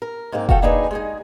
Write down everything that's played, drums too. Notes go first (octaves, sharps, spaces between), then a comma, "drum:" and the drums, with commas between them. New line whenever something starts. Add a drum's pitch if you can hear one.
A#4
G#2 G#3 A#3 C4
F#4 A4 F5 G5, drum: kick F1
A#3 D4 D#4 G#4 B4
G#3 D#4 G#4